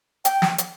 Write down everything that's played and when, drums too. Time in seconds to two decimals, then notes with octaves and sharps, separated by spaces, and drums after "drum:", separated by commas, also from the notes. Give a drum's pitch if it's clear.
0.25 G5, drum: hi-hat
0.42 drum: snare
0.58 drum: hi-hat